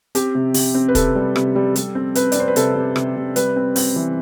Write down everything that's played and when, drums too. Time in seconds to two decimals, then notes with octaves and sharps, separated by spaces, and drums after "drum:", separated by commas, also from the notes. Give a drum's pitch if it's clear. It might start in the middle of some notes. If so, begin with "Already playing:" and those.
0.15 C4 G4, drum: hi-hat
0.35 C3
0.54 C3, drum: open hi-hat
0.75 C4
0.88 B4
0.95 C3 A4, drum: kick, hi-hat
1.16 G3
1.36 C3, drum: rim click
1.56 G3
1.76 G3, drum: hi-hat
1.95 C4
2.15 C4 B4, drum: hi-hat
2.32 D5, drum: hi-hat
2.35 C4 C5
2.48 B4
2.56 C3 A4, drum: hi-hat
2.75 C3
2.96 C3, drum: rim click
3.16 C3
3.36 G3 B4, drum: hi-hat
3.56 C4
3.76 C4, drum: open hi-hat
3.96 E3